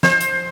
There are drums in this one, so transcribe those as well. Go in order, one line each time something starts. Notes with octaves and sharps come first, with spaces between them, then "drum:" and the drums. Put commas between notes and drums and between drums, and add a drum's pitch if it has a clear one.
C5, drum: snare
drum: hi-hat